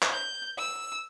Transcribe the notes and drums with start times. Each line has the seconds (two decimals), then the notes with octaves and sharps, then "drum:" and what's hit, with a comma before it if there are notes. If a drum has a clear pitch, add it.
0.03 drum: clap
0.12 G6
0.58 E6